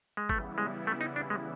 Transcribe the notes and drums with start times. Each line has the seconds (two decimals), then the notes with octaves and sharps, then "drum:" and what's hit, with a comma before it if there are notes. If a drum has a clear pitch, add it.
0.17 G#3
0.29 C#3 E3 G3 A3 B3 E4, drum: kick
0.58 G#3
0.87 A3
1.01 D#4
1.16 D4
1.30 G#3